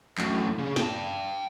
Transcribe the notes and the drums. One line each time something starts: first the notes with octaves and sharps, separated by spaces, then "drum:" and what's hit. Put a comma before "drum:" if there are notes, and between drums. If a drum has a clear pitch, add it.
F#2 A2, drum: clap
C#3
G5 A5, drum: snare